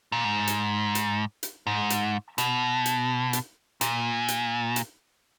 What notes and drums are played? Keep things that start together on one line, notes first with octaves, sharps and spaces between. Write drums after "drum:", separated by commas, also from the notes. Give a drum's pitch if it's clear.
A#2
G#2
drum: hi-hat
drum: hi-hat
drum: hi-hat
G#2
drum: hi-hat
B2, drum: hi-hat
drum: hi-hat
drum: hi-hat
A#2, drum: hi-hat
drum: hi-hat
drum: hi-hat